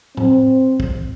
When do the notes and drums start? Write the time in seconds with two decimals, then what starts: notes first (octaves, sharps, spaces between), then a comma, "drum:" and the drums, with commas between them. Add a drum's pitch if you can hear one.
0.17 C4, drum: tom
0.80 drum: kick